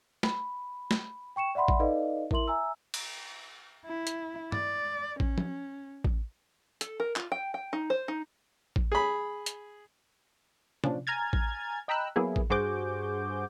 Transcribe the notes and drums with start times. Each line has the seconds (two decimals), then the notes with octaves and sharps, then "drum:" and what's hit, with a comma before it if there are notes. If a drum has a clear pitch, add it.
0.23 B5, drum: snare
0.91 drum: snare
1.36 G5 C#6 C#7 E7
1.55 D5 E5 F#5 B5 C6
1.68 drum: kick A1
1.79 D#4 A4 B4 D5 D#5 F5
2.31 E4 A#4 E5 C6 F#7, drum: kick A1
2.48 E5 G#5 A#5 E6
2.94 drum: cymbal
3.85 E4
4.07 drum: hi-hat
4.52 D5, drum: tom
5.20 C#4, drum: kick A1
5.38 drum: tom F3
6.04 drum: kick A1
6.81 A4, drum: hi-hat
7.00 A#4
7.16 F4, drum: clap
7.32 G5
7.54 G5
7.73 D#4
7.90 C5
8.08 D#4
8.76 drum: kick A1
8.92 G#4 B5
9.46 drum: hi-hat
10.84 A#2 F3 C#4 D4, drum: tom C3
11.07 G#5 A#5 F6 G#6 A6
11.33 drum: kick A1
11.88 D#5 G5 A#5 B5 E6 F#6
12.16 F#3 A#3 B3 E4 G#4
12.36 drum: kick A1
12.50 G2 F#4 G#4 C5 D6 G6